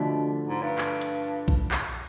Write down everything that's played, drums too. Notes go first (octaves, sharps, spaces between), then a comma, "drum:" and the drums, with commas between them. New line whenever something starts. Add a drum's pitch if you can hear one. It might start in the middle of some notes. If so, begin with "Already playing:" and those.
Already playing: B2 D3 F3 A3 D4 F4
G#2
G2
drum: clap
drum: hi-hat
drum: kick A#1
drum: clap